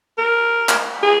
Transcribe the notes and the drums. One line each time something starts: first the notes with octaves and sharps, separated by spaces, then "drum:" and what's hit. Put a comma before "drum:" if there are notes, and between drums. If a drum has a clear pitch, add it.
A#4
drum: clap
G#4